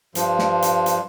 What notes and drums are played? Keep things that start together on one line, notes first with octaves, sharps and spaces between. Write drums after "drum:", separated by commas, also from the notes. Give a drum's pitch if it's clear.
G2 F3, drum: hi-hat
drum: snare
drum: hi-hat
drum: hi-hat